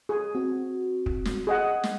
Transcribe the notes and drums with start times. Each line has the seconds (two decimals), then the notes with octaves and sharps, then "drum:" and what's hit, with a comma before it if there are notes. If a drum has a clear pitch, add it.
0.09 G#4
0.35 C4 F#4
1.06 drum: kick
1.25 drum: snare
1.47 G#4 D#5 F#5
1.84 drum: snare